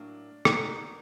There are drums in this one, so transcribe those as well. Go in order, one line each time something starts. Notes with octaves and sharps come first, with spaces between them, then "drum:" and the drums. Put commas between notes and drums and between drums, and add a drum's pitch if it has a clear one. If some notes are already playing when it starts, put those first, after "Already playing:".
Already playing: A2 F#3 A#3 D4
B3 D#4 F#4 A#4 C#5, drum: rim click